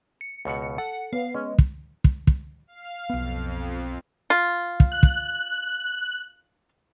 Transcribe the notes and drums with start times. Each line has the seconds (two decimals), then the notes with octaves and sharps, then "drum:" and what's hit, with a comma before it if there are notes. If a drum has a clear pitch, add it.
0.21 C#7
0.45 C#2 B2 F#5
0.78 A4 F#5
1.13 B3 F5
1.34 G#3 C#4
1.59 drum: kick
2.04 drum: kick
2.27 drum: kick
2.67 F5
3.10 B1 F2 B3
4.30 F4
4.80 drum: kick
4.92 F#6
5.03 drum: kick